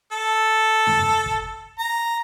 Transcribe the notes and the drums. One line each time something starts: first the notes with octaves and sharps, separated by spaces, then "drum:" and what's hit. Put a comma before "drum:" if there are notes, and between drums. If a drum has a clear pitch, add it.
A4
drum: tom F2
drum: kick
A#5